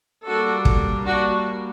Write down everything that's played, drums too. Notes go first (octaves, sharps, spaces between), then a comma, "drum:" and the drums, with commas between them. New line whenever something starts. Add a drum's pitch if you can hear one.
G3 A#3 D4 F#4 A4
drum: kick
D4 F#4